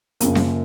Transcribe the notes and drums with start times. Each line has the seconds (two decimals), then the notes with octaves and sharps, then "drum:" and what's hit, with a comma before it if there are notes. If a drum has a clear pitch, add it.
0.20 F#2 C#3 F3 A#3 A#4, drum: hi-hat
0.35 drum: snare C4